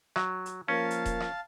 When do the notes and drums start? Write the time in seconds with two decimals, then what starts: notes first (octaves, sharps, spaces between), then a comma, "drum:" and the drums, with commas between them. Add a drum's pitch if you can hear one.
0.16 F#3, drum: rim click
0.46 drum: hi-hat
0.68 F3 A#3 C#4 A#4 F5 A5
0.91 drum: hi-hat
1.05 drum: kick D#1, hi-hat
1.20 drum: rim click